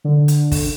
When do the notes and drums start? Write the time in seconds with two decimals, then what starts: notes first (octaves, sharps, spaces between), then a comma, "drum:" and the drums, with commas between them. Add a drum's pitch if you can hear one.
0.04 D3
0.28 drum: hi-hat
0.52 drum: kick, open hi-hat